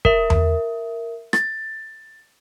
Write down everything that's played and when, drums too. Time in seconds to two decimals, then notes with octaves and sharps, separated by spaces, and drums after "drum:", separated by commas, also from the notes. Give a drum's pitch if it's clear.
0.05 A#4 E5, drum: kick
0.30 drum: tom E2
1.33 A6, drum: rim click